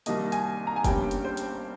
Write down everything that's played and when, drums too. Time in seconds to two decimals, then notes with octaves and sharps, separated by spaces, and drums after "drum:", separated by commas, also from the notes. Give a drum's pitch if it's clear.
0.06 C2 C3 D#3 G3 A#3 D#5, drum: hi-hat
0.32 G#5, drum: hi-hat
0.67 A#5
0.76 G#5
0.84 G1 G2 G3 A#3 C#4 G5, drum: kick, hi-hat
1.11 drum: hi-hat
1.24 C5
1.37 drum: hi-hat